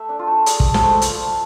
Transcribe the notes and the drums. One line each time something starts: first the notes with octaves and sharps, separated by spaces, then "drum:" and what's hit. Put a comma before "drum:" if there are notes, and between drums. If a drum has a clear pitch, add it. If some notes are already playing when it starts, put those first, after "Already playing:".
Already playing: A3 E5
D4
F4
A3
D4 G#4, drum: hi-hat
G#4, drum: kick
A3
A4, drum: snare
A3 B4 C5
F4, drum: hi-hat
F4